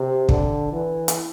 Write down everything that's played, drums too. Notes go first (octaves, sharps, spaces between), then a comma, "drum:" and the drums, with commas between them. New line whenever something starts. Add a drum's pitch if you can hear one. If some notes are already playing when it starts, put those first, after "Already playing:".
Already playing: C3
D3, drum: kick
E3
drum: hi-hat